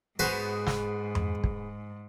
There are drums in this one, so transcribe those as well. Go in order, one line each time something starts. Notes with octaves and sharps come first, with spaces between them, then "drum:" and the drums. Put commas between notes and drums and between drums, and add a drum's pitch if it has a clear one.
G#2 B3 F#4 G#4 B4 C5
drum: snare
drum: tom F2
drum: kick